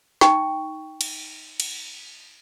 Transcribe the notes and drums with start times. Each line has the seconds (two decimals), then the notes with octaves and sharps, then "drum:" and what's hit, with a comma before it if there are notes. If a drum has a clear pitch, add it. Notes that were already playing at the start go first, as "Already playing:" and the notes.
0.21 D#4 G5 C#6, drum: snare
1.01 drum: cymbal
1.60 drum: cymbal